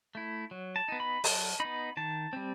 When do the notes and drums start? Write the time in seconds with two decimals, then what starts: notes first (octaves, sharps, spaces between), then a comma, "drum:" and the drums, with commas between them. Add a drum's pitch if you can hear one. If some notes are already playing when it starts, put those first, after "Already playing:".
0.15 A3 E4
0.51 F#3
0.76 A5
0.88 B3 D#4
1.00 B5
1.24 F#3 A5, drum: open hi-hat
1.60 B3 D#4 B5
1.97 D#3 A5
2.33 G3 C4